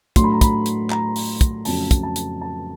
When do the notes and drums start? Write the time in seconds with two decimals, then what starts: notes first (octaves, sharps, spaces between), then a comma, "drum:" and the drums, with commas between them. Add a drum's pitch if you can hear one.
0.16 A2 F#3 A3 D4 C6, drum: kick, hi-hat
0.24 B5
0.32 A#5
0.41 B5, drum: kick, hi-hat
0.66 drum: hi-hat
0.90 A#5, drum: clap
1.16 drum: open hi-hat
1.41 drum: kick, hi-hat
1.65 F2 C#3 F#3 A3 C#4 A5, drum: open hi-hat
1.91 drum: kick, hi-hat
2.03 A5
2.16 drum: hi-hat
2.41 A5